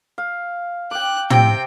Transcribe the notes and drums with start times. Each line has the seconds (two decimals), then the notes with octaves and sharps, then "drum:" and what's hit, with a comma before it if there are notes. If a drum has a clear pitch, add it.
0.18 F5
0.91 G5 D6 F#6
1.30 C3 C4 G5, drum: tom